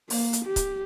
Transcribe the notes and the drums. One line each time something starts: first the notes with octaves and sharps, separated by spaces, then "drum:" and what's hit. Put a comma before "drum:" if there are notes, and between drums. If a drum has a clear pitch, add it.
A#3, drum: open hi-hat
drum: hi-hat
G4
drum: kick C#1, hi-hat